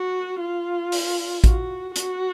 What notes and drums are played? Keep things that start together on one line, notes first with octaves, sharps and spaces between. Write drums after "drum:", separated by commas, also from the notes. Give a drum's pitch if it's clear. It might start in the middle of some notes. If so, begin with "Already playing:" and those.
Already playing: F#4
F4
drum: open hi-hat
F#4, drum: kick A1, hi-hat
F#4, drum: hi-hat